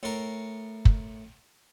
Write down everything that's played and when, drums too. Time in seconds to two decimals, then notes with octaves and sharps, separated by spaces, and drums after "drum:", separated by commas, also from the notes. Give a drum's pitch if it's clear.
0.03 A2 A#4
0.85 drum: kick